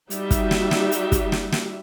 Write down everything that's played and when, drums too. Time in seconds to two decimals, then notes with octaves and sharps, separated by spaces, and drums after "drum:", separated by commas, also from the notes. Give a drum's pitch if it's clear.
0.10 G3 D#4 F#4 G4 E5, drum: hi-hat
0.31 drum: kick, hi-hat
0.51 drum: snare
0.71 drum: snare
0.91 drum: hi-hat
1.12 drum: kick, hi-hat
1.32 drum: snare
1.52 drum: snare